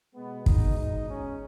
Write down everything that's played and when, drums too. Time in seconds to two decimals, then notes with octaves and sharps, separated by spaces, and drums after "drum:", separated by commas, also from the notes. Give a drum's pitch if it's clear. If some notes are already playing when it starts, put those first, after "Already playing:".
0.15 B2 G#3 B3
0.46 D#4, drum: kick
0.77 D#4
1.08 C#4